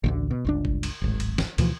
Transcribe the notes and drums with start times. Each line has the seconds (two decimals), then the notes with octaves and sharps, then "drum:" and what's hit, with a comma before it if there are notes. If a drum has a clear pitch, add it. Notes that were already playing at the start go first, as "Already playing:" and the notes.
0.04 A1 D2 D3
0.31 B2
0.45 G1 C#2 D4
0.65 drum: kick G#1
0.83 drum: cymbal
1.02 D1 G#1
1.20 drum: cymbal
1.38 drum: snare
1.58 D2 B2 E3 F3, drum: cymbal